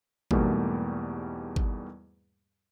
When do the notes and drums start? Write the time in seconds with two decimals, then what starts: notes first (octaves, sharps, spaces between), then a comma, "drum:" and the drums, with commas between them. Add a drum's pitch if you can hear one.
0.31 E2 G#2 B2 G3 A3 A#3, drum: kick G#1
1.56 drum: kick G#1